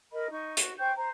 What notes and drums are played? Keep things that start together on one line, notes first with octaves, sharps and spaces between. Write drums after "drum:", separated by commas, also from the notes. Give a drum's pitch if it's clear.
A#4 D#5 B5
D#4 C#6
F#4, drum: hi-hat
C5 G5 C#6 G6
C5 A#5